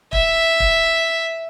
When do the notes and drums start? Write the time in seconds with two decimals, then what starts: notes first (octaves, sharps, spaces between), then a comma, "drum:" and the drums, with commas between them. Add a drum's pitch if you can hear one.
0.13 E5, drum: kick
0.60 drum: kick